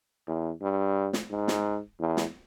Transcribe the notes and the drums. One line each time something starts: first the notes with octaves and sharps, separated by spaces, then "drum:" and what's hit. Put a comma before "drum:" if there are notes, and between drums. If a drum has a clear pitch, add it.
E2
G2
drum: snare
G#2
drum: snare
E2
drum: snare